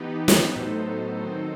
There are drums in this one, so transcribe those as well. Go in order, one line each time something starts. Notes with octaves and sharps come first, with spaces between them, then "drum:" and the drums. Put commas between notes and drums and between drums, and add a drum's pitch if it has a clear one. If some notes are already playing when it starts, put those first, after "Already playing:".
Already playing: E3 B3 D#4 G4 B4
drum: snare
A2 F#3 B3 D#4 A4 C5
D#3 F#3 C4 D#4 A4 C5